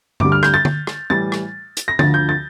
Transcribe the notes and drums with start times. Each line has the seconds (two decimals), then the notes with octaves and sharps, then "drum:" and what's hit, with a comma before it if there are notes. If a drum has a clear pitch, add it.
0.20 D2 D3 G3 D6, drum: tom G2
0.32 F6
0.43 G6, drum: rim click
0.54 A6
0.65 drum: tom
0.87 drum: rim click
1.10 A2 E3 G3 A6
1.32 drum: rim click
1.77 drum: hi-hat
1.88 A#6
1.99 D2 D3 F3 A6, drum: tom
2.14 G6
2.29 A6